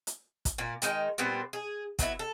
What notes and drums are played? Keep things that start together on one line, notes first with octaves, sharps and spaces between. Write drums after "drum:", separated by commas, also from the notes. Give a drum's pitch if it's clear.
drum: hi-hat
drum: kick, hi-hat
A#2 A#3
D#3 G#3 D#4 G5, drum: hi-hat
A#2 G3 B3 C4
G#4
F#3 B3 D#4 E4, drum: kick, hi-hat
A4